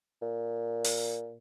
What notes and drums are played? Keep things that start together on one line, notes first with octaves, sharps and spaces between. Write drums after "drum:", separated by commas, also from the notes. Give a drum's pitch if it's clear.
A#2
drum: open hi-hat